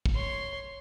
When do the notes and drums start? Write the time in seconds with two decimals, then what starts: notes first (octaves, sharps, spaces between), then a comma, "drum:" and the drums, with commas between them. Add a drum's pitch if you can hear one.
0.06 drum: kick
0.15 C#5 C6